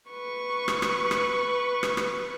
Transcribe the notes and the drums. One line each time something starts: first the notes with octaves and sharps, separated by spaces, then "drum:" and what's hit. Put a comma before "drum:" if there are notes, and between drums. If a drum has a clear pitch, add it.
B4 C#6
drum: rim click
drum: rim click
drum: rim click
drum: rim click
drum: rim click